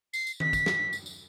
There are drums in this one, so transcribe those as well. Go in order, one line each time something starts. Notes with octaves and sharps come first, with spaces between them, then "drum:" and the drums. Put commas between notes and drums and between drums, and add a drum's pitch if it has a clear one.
C7, drum: tambourine
drum: tambourine
B6, drum: tom D#3
drum: kick, tambourine
drum: snare
drum: tambourine
drum: tambourine